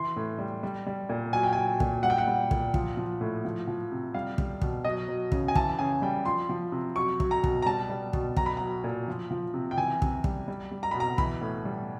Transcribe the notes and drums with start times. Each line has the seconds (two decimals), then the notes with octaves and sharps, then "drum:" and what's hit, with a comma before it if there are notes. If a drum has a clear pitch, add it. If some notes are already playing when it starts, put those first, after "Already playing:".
Already playing: E3 C6
0.16 A2
0.39 G3
0.63 G3
0.86 G3
1.09 A#2
1.33 F#3 G#5
1.43 G5
1.53 F#3 G#5
1.80 A#2, drum: kick
2.03 G3 F#5
2.10 G5
2.18 F#5
2.27 G3
2.51 A#2, drum: kick
2.74 F3, drum: kick
2.97 F3
3.21 A2
3.45 F3
3.67 F3
3.92 C3
4.14 G3 F5
4.38 G3, drum: kick
4.61 B2, drum: kick
4.85 F#3 D#5
5.09 F#3
5.32 C#3, drum: kick
5.48 G#5
5.55 E3 A5, drum: kick
5.79 C#3 G#5
6.02 G3 G5
6.25 F3 C6
6.49 F3
6.72 C3
6.96 F#3 C#6
7.20 F#3, drum: kick
7.31 A#5
7.44 B2, drum: kick
7.62 A#5
7.66 G3 A5
7.89 G3
8.13 B2, drum: kick
8.36 F#3 A#5, drum: kick
8.46 B5
8.57 F#3 A#5
8.84 A#2
9.08 F3
9.31 F3
9.54 C3
9.71 G5
9.78 E3 G#5
10.02 C3, drum: kick
10.24 G3, drum: kick
10.48 G3
10.71 G3
10.83 A#5
10.91 B2 B5
11.00 A#5
11.18 E3 B5, drum: kick
11.41 A2
11.65 G3